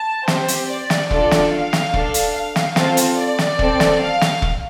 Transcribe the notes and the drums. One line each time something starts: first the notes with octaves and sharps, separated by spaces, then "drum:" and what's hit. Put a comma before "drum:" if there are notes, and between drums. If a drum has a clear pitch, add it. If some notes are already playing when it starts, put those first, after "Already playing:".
Already playing: A5
C4 G4 C5, drum: snare
drum: hi-hat
D5
drum: snare
D4 F4 A4, drum: kick E1
drum: snare
F5
drum: snare
D4 A4, drum: kick E1
drum: hi-hat
F5
drum: snare
C4 F4 A4, drum: snare
drum: hi-hat
D5
drum: snare
C4 A4, drum: kick E1
drum: snare
F5
drum: snare
drum: kick E1